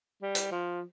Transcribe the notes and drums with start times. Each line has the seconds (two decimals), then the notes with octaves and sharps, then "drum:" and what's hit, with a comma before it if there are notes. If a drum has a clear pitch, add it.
0.22 G3
0.35 drum: hi-hat
0.51 F3